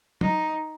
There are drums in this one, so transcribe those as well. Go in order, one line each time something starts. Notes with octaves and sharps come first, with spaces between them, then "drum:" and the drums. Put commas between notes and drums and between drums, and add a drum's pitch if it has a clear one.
D#4, drum: tom